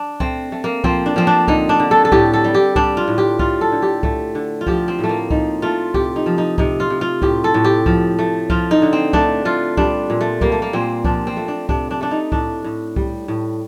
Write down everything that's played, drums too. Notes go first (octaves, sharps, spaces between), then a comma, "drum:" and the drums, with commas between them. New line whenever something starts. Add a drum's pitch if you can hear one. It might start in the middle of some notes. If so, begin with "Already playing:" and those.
Already playing: D4
A3 C4, drum: kick C2
A3
A#3
F3 C4, drum: kick C2
D4
F3 C4
D4
D3 D#4, drum: kick C2
D4
D3
A4
A4
A2 G4, drum: kick C2
A4
G3
G4
G3 D4, drum: kick C2
F4
A2
G4
A3 F4, drum: kick C2
A4
D3
G4
A3, drum: kick C2
D3
F4
F3 G4, drum: kick C2
C4
A2 A3
A#3
F3 D#4, drum: kick C2
A3 F4
C3 G4, drum: kick C2
D#4
F3
D#4
C3 D#4, drum: kick C2
F4
C3
F4
A2 G4, drum: kick C2
A4
A2
G4
F3, drum: kick C2
A3
F3 F4, drum: kick C2
D#4
D3
C4
A3 D4, drum: kick C2
A3 F4
G3 D4, drum: kick C2
A#2
A3
G3 A#3, drum: kick C2
A3
A#3
A#2 C4
F3 D4, drum: kick C2
C4
A3
D4
C3 D4, drum: kick C2
D4
A3 D4
D#4
A2 D4, drum: kick C2
A2
G3, drum: kick C2
A2